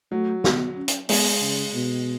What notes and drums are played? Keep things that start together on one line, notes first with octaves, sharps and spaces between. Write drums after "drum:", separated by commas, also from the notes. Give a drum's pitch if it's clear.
F#3 A3
B3, drum: snare
C#4
drum: hi-hat
G#3 B3, drum: open hi-hat
C#3
B2